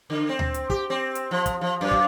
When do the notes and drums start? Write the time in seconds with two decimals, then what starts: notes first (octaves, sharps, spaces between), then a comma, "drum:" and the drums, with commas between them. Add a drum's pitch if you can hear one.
0.10 D3
0.29 C4
0.39 drum: tom D2
0.54 drum: hi-hat
0.70 G4, drum: kick
0.90 C4
1.15 drum: hi-hat
1.31 F3
1.46 drum: kick, hi-hat
1.61 F3
1.81 F#2
1.91 drum: kick